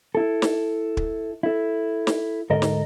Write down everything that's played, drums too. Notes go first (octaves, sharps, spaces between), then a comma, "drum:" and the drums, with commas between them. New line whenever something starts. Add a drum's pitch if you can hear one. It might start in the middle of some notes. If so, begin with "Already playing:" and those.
E4 A4
drum: snare
drum: kick
E4 A4
drum: snare
D2 G#2 A4 A#4 D#5
drum: snare